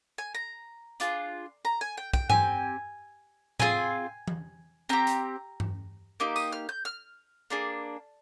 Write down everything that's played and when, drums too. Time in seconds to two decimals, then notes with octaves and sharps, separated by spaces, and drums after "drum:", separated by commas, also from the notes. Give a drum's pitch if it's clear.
0.18 G#5
0.34 A#5
1.00 D4 F4 G#4, drum: hi-hat
1.65 A#5
1.81 G#5
1.97 G5
2.14 G5, drum: kick
2.30 C4 G4 G#5, drum: tom G2
3.60 C4 F4 G#4 G#5, drum: tom A2
4.28 drum: tom E3
4.89 C4 G4 A#5
5.07 drum: hi-hat
5.60 drum: tom G2
6.20 A#3 D#4 G4 D6
6.36 D#6, drum: tambourine
6.52 F6
6.69 G6
6.85 F6
7.50 A#3 D4 G#4